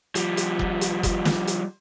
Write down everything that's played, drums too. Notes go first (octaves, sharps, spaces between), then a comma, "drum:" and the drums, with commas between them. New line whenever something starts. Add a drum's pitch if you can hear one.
F3 G3, drum: hi-hat
drum: hi-hat
drum: kick F#1
drum: hi-hat
drum: kick F#1, hi-hat
drum: snare
drum: hi-hat